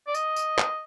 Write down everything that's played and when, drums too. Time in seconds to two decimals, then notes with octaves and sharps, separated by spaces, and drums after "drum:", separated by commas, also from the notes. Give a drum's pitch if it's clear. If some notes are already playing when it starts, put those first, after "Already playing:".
0.07 D5
0.14 D#5, drum: tambourine
0.36 drum: tambourine
0.58 drum: clap